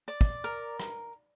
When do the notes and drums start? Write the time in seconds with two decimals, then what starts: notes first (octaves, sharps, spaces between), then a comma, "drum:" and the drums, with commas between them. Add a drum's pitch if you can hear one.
0.08 D5
0.21 drum: kick
0.44 A#4
0.80 drum: rim click